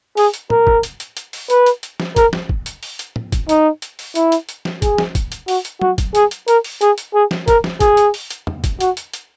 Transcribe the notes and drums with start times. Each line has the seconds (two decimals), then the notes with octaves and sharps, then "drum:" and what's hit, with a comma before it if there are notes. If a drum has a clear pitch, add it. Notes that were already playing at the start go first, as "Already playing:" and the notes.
0.17 G#4, drum: open hi-hat
0.34 drum: hi-hat
0.50 A#4, drum: tom
0.67 drum: kick
0.83 drum: hi-hat
1.00 drum: hi-hat
1.17 drum: hi-hat
1.33 drum: open hi-hat
1.50 B4, drum: hi-hat
1.66 drum: hi-hat
1.83 drum: hi-hat
2.00 drum: snare
2.16 A#4, drum: kick, hi-hat
2.33 drum: snare
2.49 drum: kick
2.66 drum: hi-hat
2.83 drum: open hi-hat
2.99 drum: hi-hat
3.16 drum: tom
3.32 drum: kick, hi-hat
3.49 D#4, drum: hi-hat
3.82 drum: hi-hat
3.99 drum: open hi-hat
4.15 E4, drum: hi-hat
4.32 drum: hi-hat
4.49 drum: hi-hat
4.65 drum: snare
4.82 G#4, drum: kick, hi-hat
4.98 drum: snare
5.15 drum: kick, hi-hat
5.32 drum: hi-hat
5.48 F#4, drum: open hi-hat
5.65 drum: hi-hat
5.82 F#4, drum: tom F#3
5.98 drum: kick, hi-hat
6.15 G#4, drum: hi-hat
6.31 drum: hi-hat
6.48 A#4, drum: hi-hat
6.64 drum: open hi-hat
6.81 G#4, drum: hi-hat
6.98 drum: hi-hat
7.14 G#4
7.31 drum: snare
7.48 A#4, drum: kick, hi-hat
7.64 drum: snare
7.80 G#4, drum: kick, hi-hat
7.97 drum: hi-hat
8.14 drum: open hi-hat
8.30 drum: hi-hat
8.47 drum: tom
8.64 drum: kick, hi-hat
8.80 F#4, drum: hi-hat
8.97 drum: hi-hat
9.13 drum: hi-hat